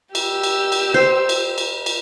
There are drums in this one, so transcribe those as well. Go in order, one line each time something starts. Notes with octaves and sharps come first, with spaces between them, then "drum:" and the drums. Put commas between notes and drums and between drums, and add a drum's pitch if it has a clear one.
G4 E6, drum: cymbal
drum: cymbal
drum: cymbal
C5
drum: cymbal
drum: cymbal
drum: cymbal